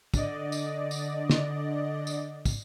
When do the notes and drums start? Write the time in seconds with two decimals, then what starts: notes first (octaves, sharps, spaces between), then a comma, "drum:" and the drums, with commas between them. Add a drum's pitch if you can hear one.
0.14 D3 D5 D#5, drum: kick, tambourine
0.52 drum: tambourine
0.91 drum: tambourine
1.30 drum: snare
2.07 drum: tambourine
2.45 drum: kick, tambourine